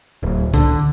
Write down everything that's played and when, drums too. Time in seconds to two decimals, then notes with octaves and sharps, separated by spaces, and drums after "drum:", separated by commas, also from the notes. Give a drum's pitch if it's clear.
0.23 D1
0.54 D3, drum: kick C2, hi-hat